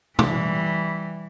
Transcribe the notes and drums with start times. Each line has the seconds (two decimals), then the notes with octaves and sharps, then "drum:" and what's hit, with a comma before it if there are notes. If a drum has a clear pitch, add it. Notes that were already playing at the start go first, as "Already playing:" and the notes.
0.19 E3 G3, drum: tom